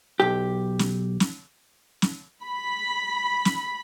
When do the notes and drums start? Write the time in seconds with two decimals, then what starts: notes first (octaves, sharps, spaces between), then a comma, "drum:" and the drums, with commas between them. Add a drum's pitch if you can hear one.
0.20 B1 G4
0.79 drum: snare
1.20 drum: snare
2.02 drum: snare
2.43 B5
3.45 drum: snare